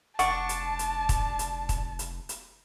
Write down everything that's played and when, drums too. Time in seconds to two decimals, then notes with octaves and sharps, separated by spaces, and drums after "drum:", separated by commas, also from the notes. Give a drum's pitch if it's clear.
0.19 F1 D4 F#5 A5 C#6, drum: hi-hat
0.49 drum: hi-hat
0.79 drum: hi-hat
1.09 drum: kick, hi-hat
1.39 drum: hi-hat
1.69 drum: kick, hi-hat
1.99 drum: hi-hat
2.29 drum: hi-hat